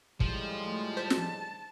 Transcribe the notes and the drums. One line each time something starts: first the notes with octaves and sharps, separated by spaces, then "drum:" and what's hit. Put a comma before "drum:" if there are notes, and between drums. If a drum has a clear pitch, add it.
A2 F3 G3 G#3, drum: kick
A3
C5 A5 B6
drum: snare